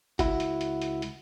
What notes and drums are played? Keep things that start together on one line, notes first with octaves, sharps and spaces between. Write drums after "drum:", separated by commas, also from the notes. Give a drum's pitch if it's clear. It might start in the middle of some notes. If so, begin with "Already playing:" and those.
C#2 E4 F#4, drum: kick F#1, hi-hat
drum: hi-hat
drum: hi-hat
drum: hi-hat
drum: hi-hat